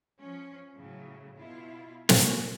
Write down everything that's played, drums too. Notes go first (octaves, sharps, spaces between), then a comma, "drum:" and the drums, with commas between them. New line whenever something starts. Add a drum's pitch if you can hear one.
F3 C#4
A2 C#3 F#3
B2 E4 F4
A#2 A#3 C#4 F#4, drum: snare